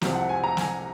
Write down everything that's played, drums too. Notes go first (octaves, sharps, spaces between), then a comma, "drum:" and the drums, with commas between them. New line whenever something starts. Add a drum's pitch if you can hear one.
C2 C3 F3 C4, drum: snare
F#5
G#5
A#5
G#5, drum: snare